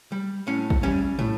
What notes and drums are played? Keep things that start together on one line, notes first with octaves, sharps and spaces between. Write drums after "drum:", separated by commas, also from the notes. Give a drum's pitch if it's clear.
G3
A2 C#4
drum: kick
G3 C#4
A2, drum: tom